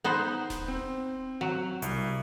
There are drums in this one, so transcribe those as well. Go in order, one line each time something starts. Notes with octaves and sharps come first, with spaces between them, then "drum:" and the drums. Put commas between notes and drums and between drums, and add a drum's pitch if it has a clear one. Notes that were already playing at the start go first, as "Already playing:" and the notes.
B3 D#4 C5
drum: snare D#1
C4
F#3
C2, drum: hi-hat